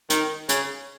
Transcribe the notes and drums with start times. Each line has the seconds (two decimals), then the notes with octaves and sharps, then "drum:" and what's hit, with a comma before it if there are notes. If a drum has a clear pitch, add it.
0.10 D#3, drum: hi-hat
0.49 C#3, drum: hi-hat